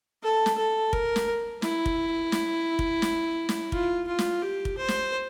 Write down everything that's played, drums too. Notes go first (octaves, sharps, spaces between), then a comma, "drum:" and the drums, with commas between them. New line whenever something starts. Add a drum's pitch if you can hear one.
A4
drum: snare
A4
A#4, drum: kick
drum: snare
E4, drum: snare
drum: kick
drum: snare
drum: kick
drum: snare
drum: snare
F4, drum: kick
F4
drum: snare
G4
drum: kick
C5
drum: snare